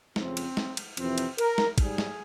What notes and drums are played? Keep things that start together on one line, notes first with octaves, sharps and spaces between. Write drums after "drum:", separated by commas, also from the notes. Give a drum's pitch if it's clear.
F2 C#3 F3 C4, drum: snare
drum: cymbal
drum: snare
drum: cymbal
F2 C3 E3 C4, drum: cymbal
drum: cymbal
A#4, drum: cymbal
drum: snare
G#2 G3 G#4, drum: kick, cymbal
drum: snare